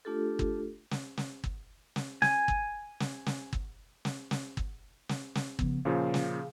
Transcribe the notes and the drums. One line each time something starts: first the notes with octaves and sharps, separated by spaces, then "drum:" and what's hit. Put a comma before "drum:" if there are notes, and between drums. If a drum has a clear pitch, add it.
A3 D4 F4 G4 A4
drum: kick
drum: snare
drum: snare
drum: kick
drum: snare
G#5, drum: snare
drum: kick
drum: snare
drum: snare
drum: kick
drum: snare
drum: snare
drum: kick
drum: snare
drum: snare
C#3 F3 B3, drum: kick
A#2 C#3 F3 G#4 F5
drum: snare